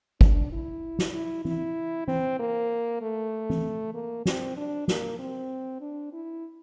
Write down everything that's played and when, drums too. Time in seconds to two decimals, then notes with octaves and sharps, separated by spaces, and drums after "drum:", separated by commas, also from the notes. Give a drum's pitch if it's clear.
0.21 D4, drum: kick
0.52 E4
0.99 drum: snare
1.14 E4
1.45 E4, drum: tom E3
2.08 C4, drum: tom E3
2.39 A#3
3.01 A3
3.50 drum: tom E3
3.94 A#3
4.25 C4, drum: snare
4.56 D4
4.88 A#3, drum: snare
5.19 C4
5.81 D4
6.13 E4